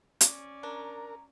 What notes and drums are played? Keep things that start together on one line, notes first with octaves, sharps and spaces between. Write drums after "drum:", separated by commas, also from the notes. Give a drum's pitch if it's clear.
C#4 D5, drum: hi-hat
D4 A#4 A#5